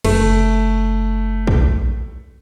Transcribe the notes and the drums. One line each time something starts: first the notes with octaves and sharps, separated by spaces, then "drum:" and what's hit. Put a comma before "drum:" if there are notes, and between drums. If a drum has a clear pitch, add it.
F#1 A3, drum: cymbal
drum: kick